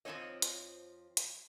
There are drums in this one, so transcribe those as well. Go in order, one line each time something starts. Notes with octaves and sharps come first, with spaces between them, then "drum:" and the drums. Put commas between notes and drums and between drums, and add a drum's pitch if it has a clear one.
F2 F3 C4 D#4 C#5 D#5
drum: hi-hat
drum: hi-hat